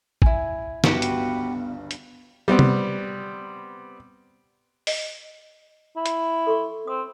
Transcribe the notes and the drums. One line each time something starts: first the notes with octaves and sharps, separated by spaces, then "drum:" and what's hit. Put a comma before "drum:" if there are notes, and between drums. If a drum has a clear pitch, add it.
E4 G#5, drum: kick
G1 C#2 G2 B3 F#4 G4 B4, drum: snare
drum: hi-hat
drum: hi-hat
G3 B3 C4
drum: tom C3
D#5, drum: open hi-hat
E4
drum: hi-hat
A4 C6 C#6
C4 D#6